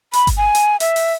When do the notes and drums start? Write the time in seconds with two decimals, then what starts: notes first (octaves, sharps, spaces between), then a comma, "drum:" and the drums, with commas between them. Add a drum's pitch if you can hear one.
0.13 B5, drum: hi-hat
0.27 drum: kick G1, hi-hat
0.37 G#5
0.55 drum: hi-hat
0.80 E5, drum: hi-hat
0.96 drum: open hi-hat